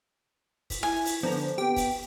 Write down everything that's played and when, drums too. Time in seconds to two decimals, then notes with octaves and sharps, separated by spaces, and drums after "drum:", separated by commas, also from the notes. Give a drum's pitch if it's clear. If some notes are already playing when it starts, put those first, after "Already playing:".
0.70 drum: kick, open hi-hat
0.83 E4 G#5
1.06 drum: open hi-hat
1.23 D3 F3 B3 D4 A#5
1.58 B3 G4 G5
1.76 drum: kick, open hi-hat